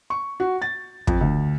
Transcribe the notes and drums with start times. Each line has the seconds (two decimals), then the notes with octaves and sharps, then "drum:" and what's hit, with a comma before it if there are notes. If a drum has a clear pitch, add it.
0.10 C#6
0.40 F#4
0.62 A6
1.07 F2, drum: kick
1.21 D2